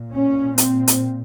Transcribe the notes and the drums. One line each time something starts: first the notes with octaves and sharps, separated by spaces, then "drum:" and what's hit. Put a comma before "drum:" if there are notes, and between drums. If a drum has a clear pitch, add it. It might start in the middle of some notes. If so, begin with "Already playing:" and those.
Already playing: A#2
C#4
C4, drum: hi-hat
drum: hi-hat